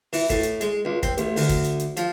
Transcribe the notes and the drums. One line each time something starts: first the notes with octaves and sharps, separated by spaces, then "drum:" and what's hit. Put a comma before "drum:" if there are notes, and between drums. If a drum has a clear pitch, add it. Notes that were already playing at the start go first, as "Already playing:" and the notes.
E3, drum: open hi-hat
A2, drum: kick, hi-hat
drum: hi-hat
G#3, drum: hi-hat
C#2
C4, drum: kick, hi-hat
A1, drum: hi-hat
D2, drum: open hi-hat
drum: kick, hi-hat
drum: hi-hat
drum: hi-hat
F3, drum: hi-hat